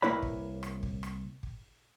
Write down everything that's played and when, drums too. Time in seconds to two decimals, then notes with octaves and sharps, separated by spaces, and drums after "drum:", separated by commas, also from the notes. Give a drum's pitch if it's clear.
0.02 C2 A#3 E4 B4 C#5 B5
0.22 drum: kick
0.63 drum: rim click
0.83 drum: kick
1.03 drum: rim click
1.43 drum: kick